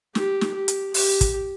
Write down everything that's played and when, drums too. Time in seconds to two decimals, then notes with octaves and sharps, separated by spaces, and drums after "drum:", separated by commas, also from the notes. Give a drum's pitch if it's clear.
0.15 G4, drum: snare
0.41 drum: snare
0.54 G4
0.68 drum: hi-hat
0.94 G4, drum: open hi-hat
1.21 drum: kick, hi-hat